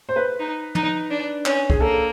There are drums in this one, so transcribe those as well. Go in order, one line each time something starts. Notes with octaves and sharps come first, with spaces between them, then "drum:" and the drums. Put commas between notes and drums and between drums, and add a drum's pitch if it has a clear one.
C5
B4
D#4
D#4, drum: tom
D4
C#4, drum: clap
G#4, drum: kick
A#3 A4